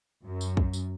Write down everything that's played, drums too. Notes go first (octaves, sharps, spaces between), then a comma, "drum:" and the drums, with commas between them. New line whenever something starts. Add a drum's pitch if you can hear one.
F#2
drum: tambourine
drum: kick
drum: tambourine